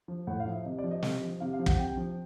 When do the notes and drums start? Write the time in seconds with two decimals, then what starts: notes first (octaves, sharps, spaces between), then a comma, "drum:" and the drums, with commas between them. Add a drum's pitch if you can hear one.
0.08 F3
0.27 A2 F#5
0.40 F5
0.46 F3
0.52 E5
0.65 C3 D#5
0.78 D5
0.84 F3
0.91 D#5
1.03 C3, drum: snare
1.21 F3
1.40 C3 F5
1.53 F5
1.59 F3
1.66 F#5, drum: kick
1.78 C3 G5
1.97 F3